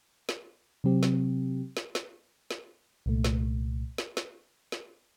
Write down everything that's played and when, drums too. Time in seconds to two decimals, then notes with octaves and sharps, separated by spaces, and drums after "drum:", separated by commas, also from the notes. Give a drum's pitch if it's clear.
0.29 drum: snare
0.84 C3 F#3 C4 G4
1.03 drum: snare
1.77 drum: snare
1.95 drum: snare
2.51 drum: snare
3.06 C2 A#2 A3
3.24 drum: snare
3.98 drum: snare
4.17 drum: snare
4.72 drum: snare